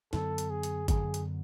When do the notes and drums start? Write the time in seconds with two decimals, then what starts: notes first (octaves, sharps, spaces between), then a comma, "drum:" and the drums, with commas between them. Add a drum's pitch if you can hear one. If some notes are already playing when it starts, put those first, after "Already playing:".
0.13 F#2 D3 F#3 B3 A4, drum: snare
0.38 drum: hi-hat
0.50 G#4
0.63 drum: hi-hat
0.88 F#2 D3 F#3 B3 G#4, drum: kick, hi-hat
1.14 drum: hi-hat